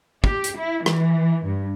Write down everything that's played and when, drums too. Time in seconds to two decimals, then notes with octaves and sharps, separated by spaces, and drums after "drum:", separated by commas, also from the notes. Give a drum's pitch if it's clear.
0.24 G4, drum: kick
0.44 drum: hi-hat
0.56 E4
0.86 E3, drum: rim click
1.45 G2